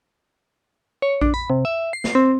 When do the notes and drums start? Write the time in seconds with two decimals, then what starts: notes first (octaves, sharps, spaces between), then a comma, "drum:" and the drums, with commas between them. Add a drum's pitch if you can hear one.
1.02 C#5
1.21 D4, drum: kick A#1
1.34 B5
1.50 C3
1.65 E5
1.93 C7
2.04 drum: snare
2.15 C4